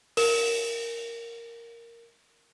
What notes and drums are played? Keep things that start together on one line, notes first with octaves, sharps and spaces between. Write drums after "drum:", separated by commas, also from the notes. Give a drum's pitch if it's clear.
A#4 E7, drum: open hi-hat